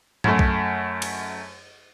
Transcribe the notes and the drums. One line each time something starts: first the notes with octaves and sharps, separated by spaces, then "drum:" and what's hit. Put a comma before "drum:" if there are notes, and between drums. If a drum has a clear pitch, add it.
F#2 A3, drum: tom G#2
drum: kick B1
drum: cymbal